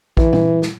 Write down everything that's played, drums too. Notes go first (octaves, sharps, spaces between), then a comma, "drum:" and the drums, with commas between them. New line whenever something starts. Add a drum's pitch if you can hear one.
E3, drum: kick
drum: tom A#2
drum: snare